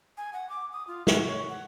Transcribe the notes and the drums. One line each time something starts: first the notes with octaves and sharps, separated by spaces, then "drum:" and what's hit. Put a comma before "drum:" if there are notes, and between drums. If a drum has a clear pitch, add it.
G#5
F#5
D6
D#6
F4
F#4, drum: snare
C#5
F#5